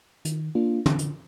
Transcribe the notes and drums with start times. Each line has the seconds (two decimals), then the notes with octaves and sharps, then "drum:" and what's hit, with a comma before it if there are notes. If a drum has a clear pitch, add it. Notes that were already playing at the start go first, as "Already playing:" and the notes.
0.25 D#3, drum: hi-hat
0.55 A#3 D4 F4
0.86 D3, drum: tom
0.99 drum: hi-hat